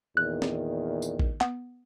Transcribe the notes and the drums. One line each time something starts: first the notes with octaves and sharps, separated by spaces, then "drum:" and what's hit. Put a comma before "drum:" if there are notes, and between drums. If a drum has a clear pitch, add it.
E2 A#2 D#3 F#6
drum: snare
drum: tambourine
drum: kick A1
B3, drum: clap